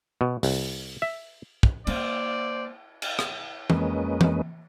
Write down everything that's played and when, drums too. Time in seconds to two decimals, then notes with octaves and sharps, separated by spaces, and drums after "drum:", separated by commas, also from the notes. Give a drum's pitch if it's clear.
0.21 B2
0.43 C2, drum: open hi-hat
1.02 E5
1.63 drum: kick
1.87 A#3 C5 D5, drum: cymbal
3.02 drum: cymbal
3.19 drum: rim click
3.70 F2 G#3 A#3 C#4 B4 D#5, drum: tom E3
4.21 drum: tom E3